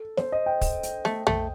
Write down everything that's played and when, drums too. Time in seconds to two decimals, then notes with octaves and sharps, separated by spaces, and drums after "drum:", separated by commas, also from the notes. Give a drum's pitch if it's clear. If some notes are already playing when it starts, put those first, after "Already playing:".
Already playing: A4
0.17 C5, drum: snare
0.32 D#5
0.46 G5
0.61 drum: kick, open hi-hat
0.83 drum: hi-hat
1.05 A3, drum: snare
1.27 A3, drum: tom